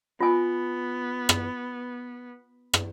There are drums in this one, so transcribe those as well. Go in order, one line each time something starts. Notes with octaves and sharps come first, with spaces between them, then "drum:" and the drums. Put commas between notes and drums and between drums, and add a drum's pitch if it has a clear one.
B3 F4 G#5
drum: rim click
drum: rim click